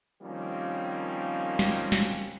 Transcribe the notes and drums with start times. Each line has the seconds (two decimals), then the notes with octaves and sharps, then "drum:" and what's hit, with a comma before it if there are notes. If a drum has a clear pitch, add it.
0.21 D#3 F3 G3 A#3 C4 C#4
1.59 drum: snare
1.92 drum: snare